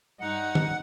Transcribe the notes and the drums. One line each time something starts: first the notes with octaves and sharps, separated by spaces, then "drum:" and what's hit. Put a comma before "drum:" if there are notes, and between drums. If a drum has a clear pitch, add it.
G2 D#4 F#5
drum: tom D#3